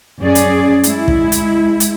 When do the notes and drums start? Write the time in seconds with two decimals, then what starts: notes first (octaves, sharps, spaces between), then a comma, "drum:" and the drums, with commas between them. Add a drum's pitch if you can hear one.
0.19 F#2 C#4 G#4 D5
0.35 drum: hi-hat
0.84 G#3 E4, drum: hi-hat
1.08 drum: kick
1.32 drum: hi-hat
1.80 drum: hi-hat